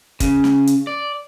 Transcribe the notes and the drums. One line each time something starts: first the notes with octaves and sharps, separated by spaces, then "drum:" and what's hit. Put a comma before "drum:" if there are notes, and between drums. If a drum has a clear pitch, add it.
C#3, drum: kick, hi-hat
drum: snare
drum: hi-hat
D5